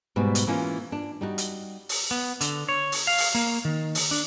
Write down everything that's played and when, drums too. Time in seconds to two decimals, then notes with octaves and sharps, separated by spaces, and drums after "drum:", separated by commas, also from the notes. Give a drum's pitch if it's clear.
0.16 G#2 B2 G3
0.35 drum: hi-hat
0.47 E3 A#3 C#4 E4 F4
0.92 D4
1.21 G3 D#4 F#4
1.38 drum: hi-hat
1.89 drum: open hi-hat
2.11 B3
2.41 D3, drum: hi-hat
2.69 C#5
2.92 drum: open hi-hat
3.07 F5
3.18 drum: open hi-hat
3.35 A#3
3.65 D#3
3.95 drum: open hi-hat
4.11 D4